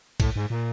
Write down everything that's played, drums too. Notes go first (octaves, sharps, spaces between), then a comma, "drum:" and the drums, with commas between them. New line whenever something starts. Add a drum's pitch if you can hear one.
A2, drum: kick, cymbal
G#2
A#2